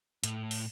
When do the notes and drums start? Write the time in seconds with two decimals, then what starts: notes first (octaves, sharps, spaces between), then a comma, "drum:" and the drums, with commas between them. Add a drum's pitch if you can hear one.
0.24 A2, drum: hi-hat
0.51 drum: open hi-hat